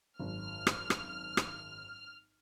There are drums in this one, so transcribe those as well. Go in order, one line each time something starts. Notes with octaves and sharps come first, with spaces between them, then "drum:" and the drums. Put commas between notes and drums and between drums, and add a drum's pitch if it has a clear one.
G#1 F#2 F6
drum: rim click
drum: rim click
drum: rim click